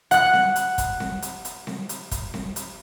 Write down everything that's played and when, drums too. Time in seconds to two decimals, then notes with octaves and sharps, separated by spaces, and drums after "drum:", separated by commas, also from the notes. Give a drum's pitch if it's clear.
0.11 F#5 F#6, drum: hi-hat
0.33 drum: snare C4
0.56 drum: hi-hat
0.78 drum: kick, hi-hat
1.00 drum: snare C4
1.22 drum: hi-hat
1.45 drum: hi-hat
1.67 drum: snare C4
1.89 drum: hi-hat
2.11 drum: kick, hi-hat
2.34 drum: snare C4
2.56 drum: hi-hat